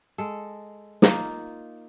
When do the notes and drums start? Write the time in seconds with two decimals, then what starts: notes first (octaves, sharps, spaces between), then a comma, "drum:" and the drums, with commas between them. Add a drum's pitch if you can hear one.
0.18 G#3 A4
1.02 A#3 D#4 F4, drum: snare